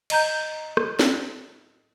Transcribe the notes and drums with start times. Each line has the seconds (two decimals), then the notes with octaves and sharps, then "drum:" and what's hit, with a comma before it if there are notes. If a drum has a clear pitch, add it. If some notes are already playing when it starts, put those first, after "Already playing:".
0.10 D#5 A#5 G6, drum: cymbal
0.77 drum: rim click
0.99 drum: snare